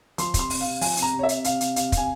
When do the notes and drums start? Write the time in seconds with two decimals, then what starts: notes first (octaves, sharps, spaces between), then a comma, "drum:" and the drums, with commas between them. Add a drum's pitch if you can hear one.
0.18 F3 C6, drum: hi-hat
0.34 C3, drum: kick, hi-hat
0.39 C6
0.50 C3, drum: open hi-hat
0.60 F5
0.66 C3
0.81 F3 G#5, drum: open hi-hat
0.97 C3, drum: hi-hat
1.02 A#5
1.13 C3
1.19 C#5
1.23 E5
1.29 C3, drum: hi-hat
1.44 C3 F5, drum: hi-hat
1.61 C3, drum: hi-hat
1.76 C3 F5, drum: hi-hat
1.92 C3, drum: kick, hi-hat
1.97 G#5